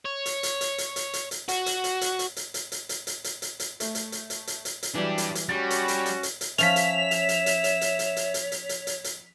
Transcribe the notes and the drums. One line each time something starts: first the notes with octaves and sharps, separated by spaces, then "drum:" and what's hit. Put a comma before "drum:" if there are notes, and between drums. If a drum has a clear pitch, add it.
C#5
drum: hi-hat
drum: hi-hat
drum: hi-hat
drum: hi-hat
drum: hi-hat
drum: hi-hat
drum: hi-hat
F#4, drum: hi-hat
drum: hi-hat
drum: hi-hat
drum: hi-hat
drum: hi-hat
drum: hi-hat
drum: hi-hat
drum: hi-hat
drum: hi-hat
drum: hi-hat
drum: hi-hat
drum: hi-hat
drum: hi-hat
A3, drum: hi-hat
drum: hi-hat
drum: hi-hat
drum: hi-hat
drum: hi-hat
drum: hi-hat
drum: hi-hat
E3 F#3 G3 D4 G4
drum: hi-hat
drum: hi-hat
G3 C#4 F#4 A6
drum: hi-hat
drum: hi-hat
drum: hi-hat
drum: hi-hat
drum: hi-hat
F3 C#4 C#5 E5 B6 F7, drum: hi-hat
drum: hi-hat
drum: hi-hat
drum: hi-hat
drum: hi-hat
drum: hi-hat
drum: hi-hat
drum: hi-hat
drum: hi-hat
drum: hi-hat
drum: hi-hat
drum: hi-hat
drum: hi-hat
drum: hi-hat